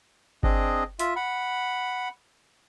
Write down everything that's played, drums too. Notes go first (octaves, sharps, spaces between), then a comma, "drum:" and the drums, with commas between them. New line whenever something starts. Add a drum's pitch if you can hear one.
C4 D4 G#4 D#5, drum: kick G1
F4 E5, drum: hi-hat
F#5 B5